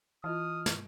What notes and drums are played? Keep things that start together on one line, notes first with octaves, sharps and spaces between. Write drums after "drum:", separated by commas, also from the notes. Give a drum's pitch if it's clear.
E3 F4 D#5 A5 D#6 F6
drum: snare